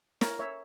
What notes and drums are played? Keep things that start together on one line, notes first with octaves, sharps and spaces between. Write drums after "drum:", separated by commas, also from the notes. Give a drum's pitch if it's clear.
A#4 C#5, drum: snare
C#5 E5